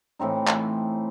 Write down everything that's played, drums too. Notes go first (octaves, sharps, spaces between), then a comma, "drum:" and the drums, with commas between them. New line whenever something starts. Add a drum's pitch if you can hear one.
A2 E3 C4 D#4
drum: clap